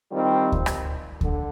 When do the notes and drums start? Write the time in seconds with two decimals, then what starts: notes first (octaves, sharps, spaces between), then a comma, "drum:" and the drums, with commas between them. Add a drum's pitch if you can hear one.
0.11 D#3 G3 C4 F4
0.52 drum: kick D2
0.66 drum: rim click
1.21 D3, drum: kick D2